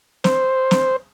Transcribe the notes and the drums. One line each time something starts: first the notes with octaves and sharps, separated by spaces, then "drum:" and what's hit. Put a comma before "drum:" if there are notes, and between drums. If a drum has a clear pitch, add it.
C5, drum: snare
drum: snare